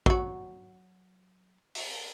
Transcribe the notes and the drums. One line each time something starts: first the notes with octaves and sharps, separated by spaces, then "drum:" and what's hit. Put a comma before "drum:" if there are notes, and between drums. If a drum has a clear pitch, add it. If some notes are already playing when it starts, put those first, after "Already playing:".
F#3 F#4, drum: kick
drum: open hi-hat